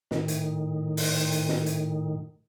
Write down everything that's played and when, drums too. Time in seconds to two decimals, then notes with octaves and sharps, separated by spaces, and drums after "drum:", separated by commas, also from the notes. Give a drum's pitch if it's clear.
0.11 A2 D#3, drum: snare
0.28 drum: hi-hat
0.97 drum: open hi-hat
1.32 drum: hi-hat
1.49 drum: snare
1.66 drum: hi-hat